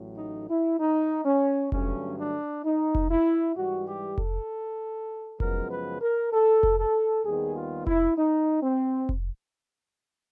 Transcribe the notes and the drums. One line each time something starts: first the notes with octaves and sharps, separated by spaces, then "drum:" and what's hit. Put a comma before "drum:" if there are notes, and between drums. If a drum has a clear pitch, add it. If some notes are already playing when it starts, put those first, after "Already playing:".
Already playing: A1 A2 F#3
D#4
E4
D#4
C#4
G2 D3 F#3 A3 C#4, drum: kick F1
D4
D#4
drum: kick F1
E4
G#2 E3 G3 F#4
G4
A4, drum: kick F1
F#2 C#3 F3 G#3 B3 A#4, drum: kick F1
B4
A#4
A4
drum: kick F1
A4
D#2 D#3 G3 B3 G#4
F4
E4, drum: kick F1
D#4
C4
drum: kick F1